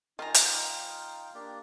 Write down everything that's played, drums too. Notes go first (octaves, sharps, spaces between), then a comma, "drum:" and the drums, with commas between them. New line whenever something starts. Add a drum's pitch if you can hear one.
D#3 D#4 F4 G#5 A#5
drum: hi-hat
D#4 F5 G5 C6
A#3 D4 G4 D5